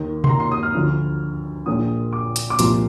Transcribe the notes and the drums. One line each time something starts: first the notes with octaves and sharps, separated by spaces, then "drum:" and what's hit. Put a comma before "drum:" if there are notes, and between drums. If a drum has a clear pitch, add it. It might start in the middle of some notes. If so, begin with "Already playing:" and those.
Already playing: D#2 D#3
C6, drum: tom B2
A#5
C6
D#6
F6
D2 D3 F3
A#1 A#2 F3 D#6
D6
drum: hi-hat
D6
C2 A#2 F3 C6, drum: hi-hat